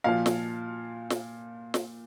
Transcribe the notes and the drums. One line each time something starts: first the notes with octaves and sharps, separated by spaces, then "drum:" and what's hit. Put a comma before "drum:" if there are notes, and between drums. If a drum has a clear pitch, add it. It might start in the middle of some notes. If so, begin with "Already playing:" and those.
A#2 F3 F5
drum: snare
drum: snare
drum: snare